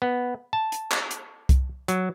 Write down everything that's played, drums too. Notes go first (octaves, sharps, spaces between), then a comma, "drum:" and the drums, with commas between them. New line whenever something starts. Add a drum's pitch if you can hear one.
B3
A5
drum: hi-hat
drum: clap
drum: hi-hat
drum: kick C2, hi-hat
F#3, drum: hi-hat